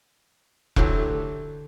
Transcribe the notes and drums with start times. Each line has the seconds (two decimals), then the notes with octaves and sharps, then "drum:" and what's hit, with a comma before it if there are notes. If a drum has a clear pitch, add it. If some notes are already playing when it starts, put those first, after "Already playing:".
0.76 D3 E3 F#3 A3 G4 C6, drum: kick E1